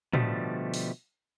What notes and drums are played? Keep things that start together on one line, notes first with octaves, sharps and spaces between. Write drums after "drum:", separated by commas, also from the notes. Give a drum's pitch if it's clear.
B2 D3 F3 G3 A3, drum: tom A2
drum: open hi-hat